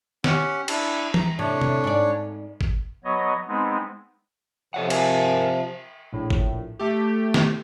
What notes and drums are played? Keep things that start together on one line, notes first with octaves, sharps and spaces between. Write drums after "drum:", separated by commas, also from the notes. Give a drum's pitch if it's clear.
C#4 G4 F#5, drum: snare
D4 E4, drum: cymbal
A#5, drum: tom E3
A2 C3 D4 C#5
drum: tom C3
G#2 D5
drum: kick
F#3 B3 C#5 D#5
G#3 B3 C4 D#4
C3 F3 A4 C#5 F#5
A#4 G#5, drum: cymbal
A#1 A2
drum: kick
A3 G4
drum: snare